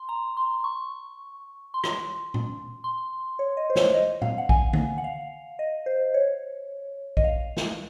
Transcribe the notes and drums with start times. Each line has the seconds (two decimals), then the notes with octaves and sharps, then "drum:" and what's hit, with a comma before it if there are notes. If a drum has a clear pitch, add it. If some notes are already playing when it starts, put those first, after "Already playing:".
Already playing: C6
0.09 A#5
0.37 C6
0.64 C#6
1.74 C6
1.84 drum: rim click
2.34 drum: tom A#2
2.84 C6
3.39 C#5
3.57 D#5
3.70 C5
3.76 C#5, drum: snare
3.94 D#5
4.22 F5, drum: tom A#2
4.38 F#5
4.49 G#5, drum: kick A#1
4.73 drum: tom D3
4.98 F#5
5.04 F5
5.59 D#5
5.86 C5
6.14 C#5
7.17 D#5, drum: kick A#1
7.24 F5
7.57 drum: snare